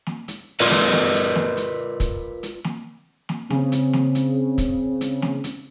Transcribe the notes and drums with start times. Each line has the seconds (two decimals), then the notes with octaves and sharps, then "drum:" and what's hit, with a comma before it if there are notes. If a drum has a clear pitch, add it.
0.07 drum: snare
0.28 drum: hi-hat
0.60 F4 A#4 B4 D5
0.71 drum: snare
0.92 drum: snare
1.14 drum: hi-hat
1.35 drum: snare
1.57 drum: hi-hat
2.00 drum: kick, hi-hat
2.43 drum: hi-hat
2.64 drum: snare
3.29 drum: snare
3.50 C#3 C4, drum: snare
3.72 drum: hi-hat
3.93 drum: snare
4.15 drum: hi-hat
4.58 drum: kick, hi-hat
5.01 drum: hi-hat
5.22 drum: snare
5.44 drum: hi-hat